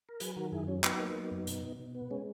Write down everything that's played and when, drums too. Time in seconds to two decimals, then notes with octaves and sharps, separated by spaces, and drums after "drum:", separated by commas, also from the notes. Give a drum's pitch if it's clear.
0.09 A#4
0.20 F#3 G#4 B4, drum: hi-hat
0.36 D#3 F#4 A#4
0.52 F#2 E4 G#4
0.67 F#3 C#4
0.84 F#3 B3 D#4, drum: clap
1.00 A#3
1.15 F#3
1.31 F#2
1.47 B2, drum: hi-hat
1.63 B2
1.79 B2
1.95 B3
2.11 G#3 C#4